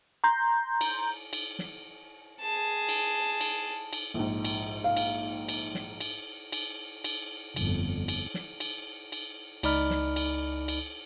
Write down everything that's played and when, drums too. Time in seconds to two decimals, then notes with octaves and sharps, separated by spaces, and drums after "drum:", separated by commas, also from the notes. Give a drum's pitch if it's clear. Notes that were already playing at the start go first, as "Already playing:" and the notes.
0.24 A#5 C6 G6
0.81 drum: cymbal
1.33 drum: cymbal
1.59 drum: snare
2.40 G#4 A5
2.89 drum: cymbal
3.41 drum: cymbal
3.93 drum: cymbal
4.14 A#1 G#2
4.45 drum: cymbal
4.84 F5
4.97 drum: cymbal
5.49 drum: cymbal
5.74 drum: snare
6.00 drum: cymbal
6.52 drum: cymbal
7.04 drum: cymbal
7.56 G1 F2, drum: cymbal
8.08 drum: cymbal
8.34 drum: snare
8.60 drum: cymbal
9.12 drum: cymbal
9.63 C#2 D#4 D5 B5 F6, drum: cymbal
9.90 drum: snare
10.16 drum: cymbal
10.68 drum: cymbal